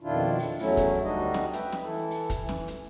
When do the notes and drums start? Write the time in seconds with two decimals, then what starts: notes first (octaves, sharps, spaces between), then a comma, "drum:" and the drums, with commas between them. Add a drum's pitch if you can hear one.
0.01 F2 B2 D#3 D4 E4 F4
0.39 drum: open hi-hat
0.59 E2 F#3 A3 C#4 E4, drum: open hi-hat
0.77 drum: kick, hi-hat
1.04 D2 G3 D4 D#4 F#4 D#5
1.34 drum: snare
1.53 B4 E5 G5, drum: hi-hat
1.72 drum: snare
1.83 E3 E4 A4
2.11 drum: open hi-hat
2.30 drum: kick, hi-hat
2.39 E3
2.49 drum: snare
2.68 drum: hi-hat